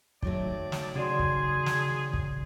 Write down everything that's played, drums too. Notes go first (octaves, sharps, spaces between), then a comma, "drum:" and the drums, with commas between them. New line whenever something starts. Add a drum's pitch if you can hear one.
D#3 F#3 A3 D5, drum: kick
drum: snare
C#3 F#4 G#4 D5 C6
drum: kick
drum: snare
drum: kick